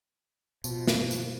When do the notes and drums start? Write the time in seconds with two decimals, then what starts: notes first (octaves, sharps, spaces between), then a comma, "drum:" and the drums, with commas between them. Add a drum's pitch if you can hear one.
0.64 B2 F3, drum: tambourine
0.88 drum: snare
1.11 drum: tambourine